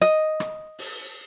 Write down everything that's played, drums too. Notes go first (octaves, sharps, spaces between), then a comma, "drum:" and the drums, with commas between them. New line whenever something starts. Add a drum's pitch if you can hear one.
D#5, drum: hi-hat
drum: rim click
drum: open hi-hat